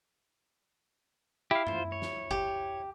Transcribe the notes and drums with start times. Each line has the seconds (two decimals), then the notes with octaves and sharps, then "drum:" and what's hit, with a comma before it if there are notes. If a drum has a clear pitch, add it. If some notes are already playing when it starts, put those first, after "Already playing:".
1.51 E4 G4 F5
1.67 F4 C5, drum: tom F#2
1.92 C#5
2.02 drum: snare
2.31 G4, drum: kick G1